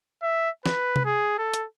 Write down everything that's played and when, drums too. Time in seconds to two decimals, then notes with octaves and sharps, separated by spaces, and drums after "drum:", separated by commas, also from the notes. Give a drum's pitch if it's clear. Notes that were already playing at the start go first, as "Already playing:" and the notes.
0.23 E5
0.66 B4, drum: snare
0.96 drum: tom C3
1.05 G#4
1.39 A4
1.54 drum: hi-hat